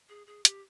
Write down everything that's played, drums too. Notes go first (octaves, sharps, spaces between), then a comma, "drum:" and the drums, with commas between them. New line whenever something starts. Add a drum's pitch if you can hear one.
G#4
G#4
G4, drum: hi-hat